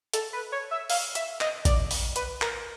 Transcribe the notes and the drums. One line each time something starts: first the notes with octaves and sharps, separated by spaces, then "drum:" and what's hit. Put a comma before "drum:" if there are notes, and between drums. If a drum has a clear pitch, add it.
A4, drum: hi-hat
B4
C#5
E5
F5, drum: open hi-hat
E5, drum: hi-hat
D#5, drum: clap
D5, drum: kick, hi-hat
drum: open hi-hat
B4, drum: hi-hat
A#4, drum: clap